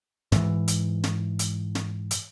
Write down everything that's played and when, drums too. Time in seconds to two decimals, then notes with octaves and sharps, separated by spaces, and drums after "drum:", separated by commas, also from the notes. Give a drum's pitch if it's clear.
0.32 G#2 E3, drum: snare
0.68 drum: hi-hat
1.04 drum: snare
1.39 drum: hi-hat
1.75 drum: snare
2.11 drum: hi-hat